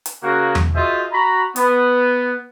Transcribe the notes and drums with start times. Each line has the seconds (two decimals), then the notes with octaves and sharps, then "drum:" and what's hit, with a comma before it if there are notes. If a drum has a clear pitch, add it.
0.06 drum: hi-hat
0.23 C#3 A#3 F#4
0.55 drum: tom E2
0.75 F4 F#4 G#4 C5 D#5 E5
1.13 F#4 A#5 B5
1.56 B3, drum: hi-hat